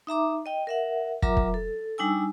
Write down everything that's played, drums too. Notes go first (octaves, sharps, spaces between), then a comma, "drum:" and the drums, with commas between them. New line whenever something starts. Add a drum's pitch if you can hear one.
D#4 E5 A#5 D6
D#5 G5
A#4 E5 F#5
F#3 F4 A#4 E5 A#5 D6, drum: kick
drum: kick
A4
G3 D4 D#4 G#5 E6